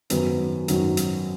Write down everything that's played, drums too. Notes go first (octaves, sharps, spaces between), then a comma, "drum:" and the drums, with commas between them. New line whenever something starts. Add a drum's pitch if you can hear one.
G#1 F#2 D#3 F#3 B3, drum: hi-hat
G#1 F#2 D#3 F#3, drum: hi-hat
drum: hi-hat